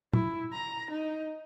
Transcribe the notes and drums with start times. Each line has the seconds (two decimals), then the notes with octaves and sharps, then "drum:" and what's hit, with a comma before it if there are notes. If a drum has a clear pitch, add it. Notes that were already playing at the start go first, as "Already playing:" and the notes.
0.13 E4, drum: tom
0.53 A#5
0.91 D#4